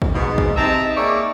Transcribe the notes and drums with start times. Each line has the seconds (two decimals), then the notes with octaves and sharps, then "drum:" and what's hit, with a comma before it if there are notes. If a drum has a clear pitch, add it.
0.02 drum: kick
0.14 G#2 B2
0.38 drum: kick
0.56 C4 D#4 G4 E5 A5 A#5
0.97 A#3 D#4 G#4 C#5 D5 E5